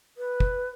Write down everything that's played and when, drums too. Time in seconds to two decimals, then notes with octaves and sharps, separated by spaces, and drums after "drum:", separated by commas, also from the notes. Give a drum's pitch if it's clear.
0.18 B4
0.40 drum: kick